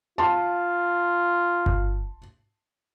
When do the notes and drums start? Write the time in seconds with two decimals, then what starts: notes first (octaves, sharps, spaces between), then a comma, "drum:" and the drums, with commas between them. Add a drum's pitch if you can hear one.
0.18 F4 A5 C6
1.66 drum: kick G1